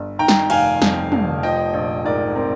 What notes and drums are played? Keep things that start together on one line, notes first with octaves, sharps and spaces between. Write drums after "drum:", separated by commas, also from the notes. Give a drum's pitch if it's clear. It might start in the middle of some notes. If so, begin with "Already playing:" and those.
Already playing: G1
D#3 G5 A#5
drum: snare
F1 F5 G#5, drum: cymbal
F2, drum: snare
F1, drum: tom
F3 D#5 G5
A#1
G#2 A#4 D5
C4 A#4